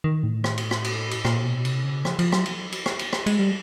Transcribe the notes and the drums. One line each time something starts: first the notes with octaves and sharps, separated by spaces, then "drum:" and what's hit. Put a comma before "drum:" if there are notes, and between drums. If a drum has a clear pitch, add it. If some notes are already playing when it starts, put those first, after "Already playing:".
D#3
A2
drum: rim click
drum: cymbal
drum: rim click
drum: cymbal
drum: cymbal
A#2, drum: rim click
B2
C3, drum: cymbal
C#3
F3, drum: rim click
F3, drum: cymbal
F#3, drum: rim click
drum: cymbal
drum: cymbal
drum: rim click
drum: cymbal
drum: rim click
G#3, drum: cymbal
G3